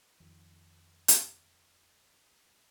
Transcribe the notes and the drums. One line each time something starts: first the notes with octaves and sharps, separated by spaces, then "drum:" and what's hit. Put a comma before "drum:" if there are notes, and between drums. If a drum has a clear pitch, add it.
F2 D#3 F3
drum: hi-hat